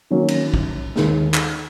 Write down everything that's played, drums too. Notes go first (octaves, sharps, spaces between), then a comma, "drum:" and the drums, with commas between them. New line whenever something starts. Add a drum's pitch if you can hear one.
D#3 F#3 A#3 C#4
drum: cymbal
drum: kick
D#2 D#3 G#3, drum: snare
drum: clap